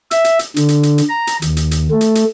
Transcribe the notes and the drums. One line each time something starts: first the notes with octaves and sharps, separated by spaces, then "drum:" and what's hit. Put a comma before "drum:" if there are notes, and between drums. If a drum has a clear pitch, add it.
E5, drum: hi-hat
drum: hi-hat
drum: hi-hat
D3, drum: hi-hat
drum: hi-hat
drum: hi-hat
drum: hi-hat
A#5
drum: hi-hat
D#2, drum: hi-hat
drum: hi-hat
drum: hi-hat
A3
drum: hi-hat
drum: hi-hat